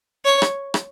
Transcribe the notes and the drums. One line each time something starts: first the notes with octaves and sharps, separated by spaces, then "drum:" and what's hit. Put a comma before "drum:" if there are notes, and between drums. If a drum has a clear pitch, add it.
C#5
drum: rim click
drum: rim click